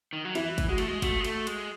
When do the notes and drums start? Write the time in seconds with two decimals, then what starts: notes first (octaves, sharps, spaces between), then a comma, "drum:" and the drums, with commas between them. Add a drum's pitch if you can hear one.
0.13 D#3
0.25 F#3
0.35 E3 E4, drum: cymbal
0.58 drum: kick, cymbal
0.68 G#3 F#4
0.78 A3, drum: cymbal
0.88 G#3
1.02 A3 F#4, drum: kick, cymbal
1.20 G#3
1.25 A3, drum: cymbal
1.47 G#3, drum: cymbal